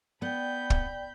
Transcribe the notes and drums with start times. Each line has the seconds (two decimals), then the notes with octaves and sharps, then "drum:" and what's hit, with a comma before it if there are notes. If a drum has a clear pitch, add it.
0.22 B3 D5 G5 B5 G6
0.70 drum: kick